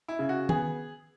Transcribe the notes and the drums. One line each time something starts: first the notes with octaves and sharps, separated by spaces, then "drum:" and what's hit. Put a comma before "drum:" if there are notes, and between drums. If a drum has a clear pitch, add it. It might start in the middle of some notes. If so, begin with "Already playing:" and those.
E4
C#3
F#4
B3 G#4, drum: tom D#3